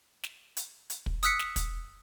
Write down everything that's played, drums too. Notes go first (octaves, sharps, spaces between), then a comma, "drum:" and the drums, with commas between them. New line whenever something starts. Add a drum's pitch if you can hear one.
drum: snare
drum: hi-hat
drum: hi-hat
drum: kick
D#6 E6 F#6 B6 C#7, drum: hi-hat
drum: snare
drum: kick, hi-hat